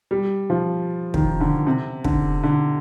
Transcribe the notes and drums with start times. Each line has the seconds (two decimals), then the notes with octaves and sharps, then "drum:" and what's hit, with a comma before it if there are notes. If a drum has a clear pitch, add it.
0.11 G3
0.50 F3
1.14 D#3, drum: kick
1.41 D3
1.67 C3
2.04 D3, drum: kick
2.43 D3